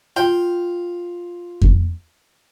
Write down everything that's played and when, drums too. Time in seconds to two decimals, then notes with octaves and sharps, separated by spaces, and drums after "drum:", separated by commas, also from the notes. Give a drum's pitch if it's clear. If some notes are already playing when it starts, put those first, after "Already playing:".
0.16 F4 G5
1.62 drum: kick F2